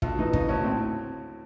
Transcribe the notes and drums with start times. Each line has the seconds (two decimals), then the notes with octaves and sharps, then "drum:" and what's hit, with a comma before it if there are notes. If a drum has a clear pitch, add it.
0.02 D2 F4, drum: kick
0.19 E3 D#4
0.33 C#3 D#4, drum: kick
0.49 D2 C#4
0.64 A2 C4